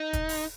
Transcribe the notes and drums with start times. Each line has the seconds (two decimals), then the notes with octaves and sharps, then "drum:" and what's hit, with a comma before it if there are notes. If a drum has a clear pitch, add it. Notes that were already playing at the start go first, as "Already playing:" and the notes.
Already playing: D#4
0.13 drum: kick, hi-hat
0.29 drum: open hi-hat